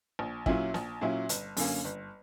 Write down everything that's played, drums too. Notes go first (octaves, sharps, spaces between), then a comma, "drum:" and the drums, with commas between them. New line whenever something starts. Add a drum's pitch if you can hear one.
A#1
A#2 F#3 C#4 E4, drum: kick
A#1, drum: snare
A#2 F#3 C#4 E4
G1, drum: hi-hat
F#2 D3 A#3 C#4, drum: open hi-hat
G1